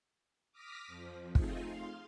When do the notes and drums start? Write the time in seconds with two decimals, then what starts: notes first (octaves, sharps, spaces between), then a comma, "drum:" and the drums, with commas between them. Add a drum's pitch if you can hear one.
0.52 D6 D#6 F6 A#6 B6
0.88 F2 F3
1.35 A3 C4 D#4 F4 G#4, drum: kick
1.65 F5 C6